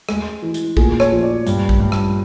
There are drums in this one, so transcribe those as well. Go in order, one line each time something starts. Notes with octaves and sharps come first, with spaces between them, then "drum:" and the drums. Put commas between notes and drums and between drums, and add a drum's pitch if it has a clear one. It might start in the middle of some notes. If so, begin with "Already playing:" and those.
G#3, drum: rim click
E3
drum: hi-hat
A#2 G#4, drum: kick A#1
C#5, drum: rim click
F3
D5
G2, drum: hi-hat
drum: kick A#1
G2
drum: rim click